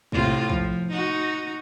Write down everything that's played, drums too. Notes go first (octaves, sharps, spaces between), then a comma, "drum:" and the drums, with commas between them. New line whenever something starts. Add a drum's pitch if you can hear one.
A2 C3 F4, drum: kick
F3, drum: kick
D#4 F#4